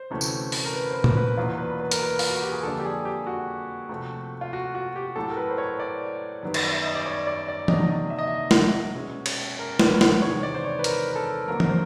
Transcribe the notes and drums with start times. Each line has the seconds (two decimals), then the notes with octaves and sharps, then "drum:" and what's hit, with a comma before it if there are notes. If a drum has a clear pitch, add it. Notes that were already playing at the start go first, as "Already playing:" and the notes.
Already playing: C5
0.10 D2 C3 E3 A3 C#4
0.21 drum: tambourine
0.52 drum: open hi-hat
0.65 A#4
0.74 B4
0.91 C5
0.94 B4
1.04 drum: tom A#2
1.17 B4
1.37 E2 B2 F#3 A#3 D4 F4
1.58 B4
1.80 B4
1.91 A#4, drum: hi-hat
2.03 B4
2.19 F4, drum: open hi-hat
2.30 F#4
2.42 G4
2.52 G#4
2.63 F2 D3 G3 A#3 D4 A4
2.80 G4
2.85 G#4
3.05 G4
3.27 F#4
3.89 C3 F3 A3
4.41 F4
4.53 F#4
4.75 F#4
4.96 G4
5.16 A2 F#3 A3 A4
5.30 A#4
5.37 B4
5.51 C5
5.58 C#5
5.80 D5
6.43 F#2 D#3 G3 B3
6.54 drum: cymbal
6.73 E5
6.84 D#5
6.95 D5
7.06 C#5
7.27 D5
7.48 D5
7.68 C3 D#3 F#3 A#3 D4 D#5, drum: tom E3
7.90 D#5
8.10 E5
8.19 D#5
8.27 E5
8.51 drum: snare
8.95 B2 G#3 C#4
9.26 drum: cymbal
9.59 A#4
9.79 B4, drum: snare
9.92 C#5
10.01 C5, drum: snare
10.21 E2 C3 D#3 G#3 B3 C#5
10.43 D5
10.55 C5
10.64 C#5
10.79 B4
10.84 A#4, drum: hi-hat
11.11 A#4
11.16 A4
11.47 G2 D3 F#3 A#3 A#4
11.60 drum: tom E3
11.69 C5